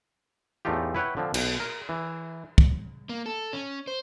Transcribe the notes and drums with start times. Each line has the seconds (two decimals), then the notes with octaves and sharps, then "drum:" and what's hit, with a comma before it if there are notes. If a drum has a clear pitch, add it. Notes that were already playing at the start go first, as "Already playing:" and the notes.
0.65 E2 A2 A3 D#4 F4 G4
0.95 E4 B4 C#5 F#5 G5
1.17 D3 F3 C4
1.34 B1, drum: cymbal
1.60 A#4
1.89 E3
2.58 drum: kick
3.09 A#3
3.26 A4
3.53 C#4
3.88 C5